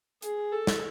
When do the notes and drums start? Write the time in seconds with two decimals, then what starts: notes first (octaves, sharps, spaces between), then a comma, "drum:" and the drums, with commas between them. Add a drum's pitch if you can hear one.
0.22 G#4, drum: hi-hat
0.53 A4
0.67 drum: snare